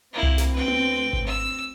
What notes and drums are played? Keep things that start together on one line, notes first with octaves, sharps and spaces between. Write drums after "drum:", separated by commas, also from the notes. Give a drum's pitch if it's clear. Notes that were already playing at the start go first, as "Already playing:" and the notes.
D2 A#3 C4 E4
drum: tom C2
drum: snare
B4 G5
drum: tom B3
drum: kick G#1
E6